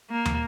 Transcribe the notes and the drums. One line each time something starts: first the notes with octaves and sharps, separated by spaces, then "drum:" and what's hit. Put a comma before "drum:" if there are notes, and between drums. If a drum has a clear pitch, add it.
A#3
drum: tom